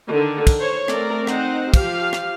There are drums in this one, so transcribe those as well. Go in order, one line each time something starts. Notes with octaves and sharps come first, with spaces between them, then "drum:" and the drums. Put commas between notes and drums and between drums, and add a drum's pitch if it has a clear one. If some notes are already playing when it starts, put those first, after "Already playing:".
D3 D#3 D4
drum: kick, cymbal
C5 C#5
A3 C4 A#4 D5, drum: rim click
C4 D#4 C5 F#5, drum: rim click
F3 G4 F5, drum: kick, cymbal
drum: rim click